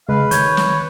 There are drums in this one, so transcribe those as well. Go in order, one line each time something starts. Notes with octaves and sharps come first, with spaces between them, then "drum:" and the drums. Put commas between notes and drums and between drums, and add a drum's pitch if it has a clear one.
C#3 G#3 B4 F5
D#3 C#5 G6 G#6, drum: hi-hat
drum: snare